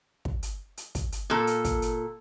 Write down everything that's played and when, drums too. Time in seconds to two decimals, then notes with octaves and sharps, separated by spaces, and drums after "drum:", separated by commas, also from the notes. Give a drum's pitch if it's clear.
0.25 drum: kick
0.43 drum: hi-hat
0.77 drum: hi-hat
0.95 drum: kick, hi-hat
1.12 drum: hi-hat
1.30 A#2 A4
1.47 drum: hi-hat
1.65 drum: kick, hi-hat
1.82 drum: hi-hat